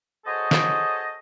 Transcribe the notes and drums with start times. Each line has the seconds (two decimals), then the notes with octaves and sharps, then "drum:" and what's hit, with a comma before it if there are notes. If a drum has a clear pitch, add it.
0.25 F#4 G#4 A4 C5 C#5 D#5
0.51 drum: snare